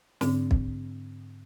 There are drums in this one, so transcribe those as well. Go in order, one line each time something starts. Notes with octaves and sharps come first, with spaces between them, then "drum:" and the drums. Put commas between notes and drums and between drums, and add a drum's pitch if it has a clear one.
G#2 D3 C4 D4, drum: snare
drum: kick